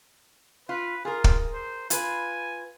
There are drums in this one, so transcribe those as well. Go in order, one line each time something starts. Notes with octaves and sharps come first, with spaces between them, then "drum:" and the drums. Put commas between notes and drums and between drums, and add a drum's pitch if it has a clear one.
F4 B4
F4 G#4 A#4
drum: kick
C5
F4 B4 G#5, drum: hi-hat